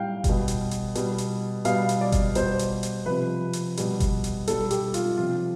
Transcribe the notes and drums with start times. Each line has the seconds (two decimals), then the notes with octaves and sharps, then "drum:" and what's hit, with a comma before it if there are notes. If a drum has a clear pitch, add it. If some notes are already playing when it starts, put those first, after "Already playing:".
Already playing: A2 G3 F5 G5
0.24 G3, drum: kick F#1, hi-hat
0.29 B2
0.48 drum: hi-hat
0.71 drum: hi-hat
0.95 B2 G3, drum: hi-hat
1.18 drum: hi-hat
1.65 B2 G3 F5, drum: hi-hat
1.89 drum: hi-hat
2.01 D5
2.12 drum: kick F#1, hi-hat
2.35 B2 G3 C5, drum: hi-hat
2.59 drum: hi-hat
2.83 drum: hi-hat
3.06 C3 F3 B4
3.53 drum: hi-hat
3.77 B2 G3, drum: hi-hat
4.00 drum: kick F#1, hi-hat
4.24 drum: hi-hat
4.47 B2 G3 A4, drum: hi-hat
4.71 G4, drum: hi-hat
4.94 F4, drum: hi-hat
5.17 C3 F3 F4